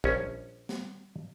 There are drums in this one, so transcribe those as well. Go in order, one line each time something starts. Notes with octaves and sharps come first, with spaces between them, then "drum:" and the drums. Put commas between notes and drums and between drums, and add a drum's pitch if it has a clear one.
A#1 C#4, drum: kick
drum: snare